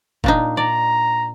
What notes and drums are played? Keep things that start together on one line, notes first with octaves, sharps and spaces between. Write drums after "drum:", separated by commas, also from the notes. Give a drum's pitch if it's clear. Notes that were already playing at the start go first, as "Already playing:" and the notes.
A#2 D4 D#4, drum: kick
D5 A#5